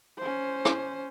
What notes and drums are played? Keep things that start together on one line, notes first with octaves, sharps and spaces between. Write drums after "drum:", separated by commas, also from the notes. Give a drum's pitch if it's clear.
C#4 C5
drum: rim click